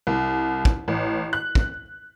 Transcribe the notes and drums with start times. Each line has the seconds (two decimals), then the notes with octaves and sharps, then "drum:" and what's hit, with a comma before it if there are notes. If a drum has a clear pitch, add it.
0.07 C2
0.65 drum: kick
0.88 A1
1.33 F#6
1.55 drum: kick